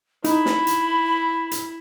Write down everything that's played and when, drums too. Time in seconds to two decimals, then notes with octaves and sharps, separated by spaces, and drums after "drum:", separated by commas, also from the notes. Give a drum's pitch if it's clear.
0.24 D#4 E4 B5, drum: hi-hat
0.46 drum: snare
0.67 drum: hi-hat
1.51 drum: hi-hat